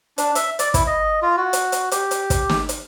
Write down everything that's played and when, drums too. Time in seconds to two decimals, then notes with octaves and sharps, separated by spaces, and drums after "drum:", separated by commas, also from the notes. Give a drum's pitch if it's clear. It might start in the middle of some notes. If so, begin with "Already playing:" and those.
0.18 D4, drum: hi-hat
0.35 E5, drum: hi-hat
0.59 D5, drum: hi-hat
0.74 E4, drum: kick, hi-hat
0.87 D#5
1.22 F4
1.37 F#4
1.53 drum: hi-hat
1.72 drum: hi-hat
1.91 G4, drum: hi-hat
2.11 drum: hi-hat
2.30 drum: kick, hi-hat
2.49 drum: snare
2.69 drum: hi-hat